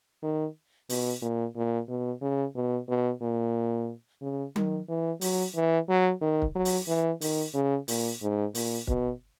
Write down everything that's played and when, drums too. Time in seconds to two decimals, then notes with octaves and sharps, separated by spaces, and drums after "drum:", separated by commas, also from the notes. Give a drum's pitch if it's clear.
0.23 D#3
0.89 B2, drum: open hi-hat
1.22 A#2
1.56 A#2
1.88 B2
2.21 C#3
2.56 B2
2.88 B2
3.21 A#2
4.22 C#3
4.56 D#3, drum: tom F#3
4.88 E3
5.21 F#3, drum: open hi-hat
5.56 E3
5.89 F#3
6.21 D#3
6.42 drum: kick
6.55 F#3
6.65 drum: open hi-hat
6.88 E3
7.21 D#3, drum: open hi-hat
7.54 C#3
7.88 A#2, drum: open hi-hat
8.22 G#2
8.55 A#2, drum: open hi-hat
8.87 B2, drum: kick